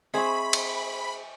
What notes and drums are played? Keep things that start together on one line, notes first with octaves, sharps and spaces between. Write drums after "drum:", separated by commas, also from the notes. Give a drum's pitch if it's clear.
C4 G#4 C5 E5 G#5 B5 C#6
drum: cymbal